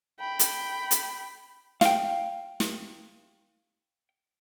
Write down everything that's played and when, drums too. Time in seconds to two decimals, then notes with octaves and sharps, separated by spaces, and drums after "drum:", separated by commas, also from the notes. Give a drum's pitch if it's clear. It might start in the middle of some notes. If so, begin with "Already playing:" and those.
0.20 G5 B5
0.39 drum: hi-hat
0.91 drum: hi-hat
1.81 F5 G5, drum: snare
2.60 drum: snare